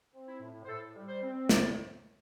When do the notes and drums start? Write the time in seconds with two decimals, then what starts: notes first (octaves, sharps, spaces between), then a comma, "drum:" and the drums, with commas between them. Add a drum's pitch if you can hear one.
0.14 C4
0.28 E4
0.41 A2
0.64 C5
0.68 A2 A4
0.95 G3
1.08 C5
1.22 C4
1.49 A2 D5, drum: snare